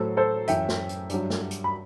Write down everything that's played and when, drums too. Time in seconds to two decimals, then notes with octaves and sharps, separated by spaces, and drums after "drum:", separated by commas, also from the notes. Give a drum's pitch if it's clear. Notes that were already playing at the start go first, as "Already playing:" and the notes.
Already playing: A2 F#3 A4 C5
0.17 A4 C5
0.48 F#2 E3 E5 G5, drum: hi-hat
0.69 drum: snare
0.89 drum: hi-hat
1.10 G2 F#3, drum: hi-hat
1.30 drum: snare
1.51 drum: hi-hat
1.64 B5